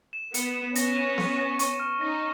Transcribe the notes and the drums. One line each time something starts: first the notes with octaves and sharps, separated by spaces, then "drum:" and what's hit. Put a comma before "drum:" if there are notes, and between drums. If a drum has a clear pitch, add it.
E7
B3 C#7, drum: hi-hat
E7
B3 C#4 A#6, drum: hi-hat
D#7
C#6, drum: snare B3
A#6
C#6, drum: hi-hat
F6
C#4 D#4 A#6